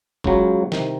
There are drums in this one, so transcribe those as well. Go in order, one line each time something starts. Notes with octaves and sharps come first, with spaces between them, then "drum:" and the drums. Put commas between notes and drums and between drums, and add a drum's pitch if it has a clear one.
C#2 C#3 F#3, drum: kick
C2 C3 D#3, drum: snare